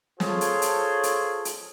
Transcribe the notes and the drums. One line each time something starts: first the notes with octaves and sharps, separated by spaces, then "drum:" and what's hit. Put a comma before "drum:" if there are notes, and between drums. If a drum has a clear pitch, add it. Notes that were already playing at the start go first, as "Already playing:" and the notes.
F4 G#4 A4 C5 C#5, drum: snare
drum: hi-hat
drum: hi-hat
drum: hi-hat
drum: hi-hat